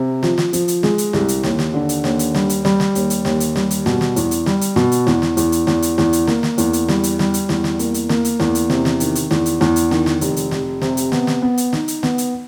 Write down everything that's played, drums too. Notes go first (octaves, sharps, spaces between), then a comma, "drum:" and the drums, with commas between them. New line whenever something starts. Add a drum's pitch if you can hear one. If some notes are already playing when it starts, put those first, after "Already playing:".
Already playing: C3
F3, drum: snare
drum: snare
F3, drum: hi-hat
drum: hi-hat
G#3, drum: snare
drum: hi-hat
C2, drum: snare
drum: hi-hat
D#2, drum: snare
drum: snare
D3
drum: hi-hat
D#2, drum: snare
drum: hi-hat
G3, drum: snare
drum: hi-hat
G3, drum: snare
drum: snare
D#2, drum: hi-hat
drum: hi-hat
D#2, drum: snare
drum: hi-hat
G3, drum: snare
drum: hi-hat
B2, drum: snare
drum: snare
E2, drum: hi-hat
drum: hi-hat
G3, drum: snare
drum: hi-hat
B2, drum: snare
drum: hi-hat
E2, drum: snare
drum: snare
E2, drum: hi-hat
drum: hi-hat
E2, drum: snare
drum: hi-hat
E2, drum: snare
drum: hi-hat
A#3, drum: snare
drum: snare
E2, drum: hi-hat
drum: hi-hat
G3, drum: snare
drum: hi-hat
G3, drum: snare
drum: hi-hat
E2, drum: snare
drum: snare
A#3, drum: hi-hat
drum: hi-hat
A#3, drum: snare
drum: hi-hat
E2, drum: snare
drum: hi-hat
C3, drum: snare
drum: snare
D#3, drum: hi-hat
drum: hi-hat
E2, drum: snare
drum: hi-hat
E2, drum: snare
drum: hi-hat
D#3, drum: snare
drum: snare
F1, drum: hi-hat
drum: hi-hat
F1, drum: snare
C3, drum: snare
drum: hi-hat
B3, drum: snare
drum: snare
B3
drum: hi-hat
D#4, drum: snare
drum: hi-hat
B3, drum: snare
drum: hi-hat